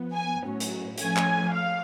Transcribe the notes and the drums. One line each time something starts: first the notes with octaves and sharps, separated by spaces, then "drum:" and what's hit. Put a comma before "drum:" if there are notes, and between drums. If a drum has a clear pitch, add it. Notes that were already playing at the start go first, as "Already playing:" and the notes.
Already playing: F3 B3
G#5
A2 F#3 C#4
drum: hi-hat
F3 A3 C#4 G#5, drum: hi-hat
drum: clap
F5